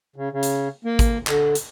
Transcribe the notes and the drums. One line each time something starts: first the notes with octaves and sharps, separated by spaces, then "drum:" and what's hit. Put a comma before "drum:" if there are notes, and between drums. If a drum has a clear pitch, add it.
C#3
C#3
drum: hi-hat
A#3
drum: kick G#1, hi-hat
D3, drum: clap
drum: hi-hat